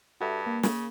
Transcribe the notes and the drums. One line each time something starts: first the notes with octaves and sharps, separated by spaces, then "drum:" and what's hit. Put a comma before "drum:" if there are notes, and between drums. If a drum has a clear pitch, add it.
G2 F#4 A4 E5
A#3
C#3, drum: snare